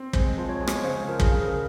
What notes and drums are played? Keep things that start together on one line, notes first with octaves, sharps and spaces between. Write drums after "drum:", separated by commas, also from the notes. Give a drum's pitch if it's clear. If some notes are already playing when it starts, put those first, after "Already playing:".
Already playing: C4
G#3 C5, drum: kick
F3
C#5
G#3
C#5, drum: rim click
C#3 C5
F3 A#4
G#4, drum: kick
C#3
A#4